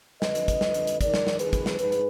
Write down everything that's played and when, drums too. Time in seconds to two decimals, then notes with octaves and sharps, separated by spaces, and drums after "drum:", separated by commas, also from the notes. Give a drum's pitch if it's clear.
0.22 F2 D3 B4 D#5, drum: snare
0.35 drum: hi-hat
0.48 drum: kick, hi-hat
0.61 F2 D3, drum: snare
0.74 drum: hi-hat
0.87 drum: hi-hat
1.01 G#2 D#3 A#4 D5, drum: kick, hi-hat
1.14 drum: snare
1.27 drum: snare
1.39 F2 D#3 G#4 B4, drum: hi-hat
1.53 drum: kick, hi-hat
1.66 drum: snare
1.79 G#2 G#4 B4, drum: hi-hat
1.92 drum: hi-hat